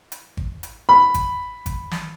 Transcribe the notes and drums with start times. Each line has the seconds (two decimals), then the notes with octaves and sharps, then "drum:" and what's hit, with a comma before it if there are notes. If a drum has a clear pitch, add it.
0.12 drum: hi-hat
0.37 drum: kick G#1
0.63 drum: hi-hat
0.89 B5
1.14 drum: kick G#1, hi-hat
1.66 drum: kick G#1, hi-hat
1.91 drum: snare